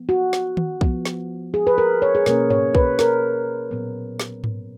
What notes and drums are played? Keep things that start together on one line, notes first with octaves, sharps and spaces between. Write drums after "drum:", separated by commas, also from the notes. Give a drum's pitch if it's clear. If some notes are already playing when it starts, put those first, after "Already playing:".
Already playing: F3 B3
F#4
drum: snare
drum: tom D#3
F3 B3, drum: kick
drum: snare
G#4
B4
A#4
C#5
G#4
B2 A#3 C#4 A#4, drum: snare
C#5, drum: tom G#2
B4, drum: kick
A#4, drum: snare
A#2 F#3 B3
drum: snare
drum: tom G#2